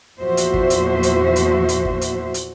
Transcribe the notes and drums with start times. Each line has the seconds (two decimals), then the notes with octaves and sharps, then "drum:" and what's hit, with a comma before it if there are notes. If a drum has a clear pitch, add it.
0.21 E2 A#2 F3 F#4 C5 E5
0.37 drum: hi-hat
0.54 drum: kick
0.70 drum: hi-hat
1.03 drum: hi-hat
1.36 drum: hi-hat
1.69 drum: hi-hat
1.85 drum: kick
2.01 drum: hi-hat
2.34 drum: hi-hat